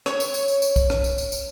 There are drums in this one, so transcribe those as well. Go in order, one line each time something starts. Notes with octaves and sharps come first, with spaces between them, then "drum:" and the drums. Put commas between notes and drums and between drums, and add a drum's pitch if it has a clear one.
C#5, drum: rim click
drum: tambourine
drum: tambourine
drum: tambourine
drum: tambourine
drum: kick, tambourine
drum: rim click
drum: tambourine
drum: tambourine
drum: tambourine